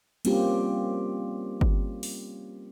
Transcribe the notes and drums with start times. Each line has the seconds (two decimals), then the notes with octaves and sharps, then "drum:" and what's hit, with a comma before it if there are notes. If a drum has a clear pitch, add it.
0.25 G3 A#3 C4 C#4 F4 G4, drum: cymbal
1.61 drum: kick G1
2.03 drum: open hi-hat